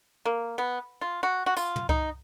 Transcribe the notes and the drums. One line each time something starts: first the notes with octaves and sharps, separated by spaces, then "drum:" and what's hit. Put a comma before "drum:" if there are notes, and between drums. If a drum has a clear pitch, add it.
A#3
B3
F4
F#4
F#4
F4, drum: tambourine
drum: tom
D#4, drum: kick C2